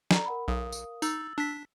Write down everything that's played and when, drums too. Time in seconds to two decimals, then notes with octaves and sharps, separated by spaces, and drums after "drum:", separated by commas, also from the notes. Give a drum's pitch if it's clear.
0.11 A4 D5 A#5, drum: snare
0.25 A#4 F#5 B5
0.48 B1 A#4 F5 D#6
0.72 drum: tambourine
1.02 D#4 E6 A6 F#7, drum: tambourine
1.38 D4 B6